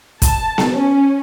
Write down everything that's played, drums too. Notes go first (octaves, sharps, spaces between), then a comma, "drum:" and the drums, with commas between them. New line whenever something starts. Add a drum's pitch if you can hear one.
A5, drum: kick, hi-hat
drum: snare B3
C#4